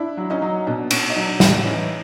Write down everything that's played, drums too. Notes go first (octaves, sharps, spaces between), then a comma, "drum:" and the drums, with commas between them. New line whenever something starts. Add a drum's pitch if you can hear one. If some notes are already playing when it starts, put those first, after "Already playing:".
Already playing: D4 E4
F#3
C#4 D#4
F#3
B2 D4
B2 C#4, drum: cymbal
D#4
F#3 D4
A2 C#4, drum: snare
E3 C#4 D#4